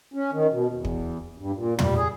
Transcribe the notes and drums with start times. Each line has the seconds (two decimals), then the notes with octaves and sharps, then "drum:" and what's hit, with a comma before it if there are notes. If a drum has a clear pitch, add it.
0.14 C#4
0.33 D#3
0.52 B2
0.73 E2
0.85 drum: kick
1.38 G2
1.56 A#2
1.79 G3, drum: tom
1.97 G#4